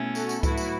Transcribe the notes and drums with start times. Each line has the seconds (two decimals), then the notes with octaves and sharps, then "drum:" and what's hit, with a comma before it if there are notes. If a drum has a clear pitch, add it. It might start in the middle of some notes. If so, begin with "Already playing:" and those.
Already playing: B2 A3 C#4 E4
0.15 F#4 A4, drum: tambourine
0.29 drum: tambourine
0.43 A2 F#3 B3 E4 F#4, drum: kick C#2, tambourine
0.57 drum: tambourine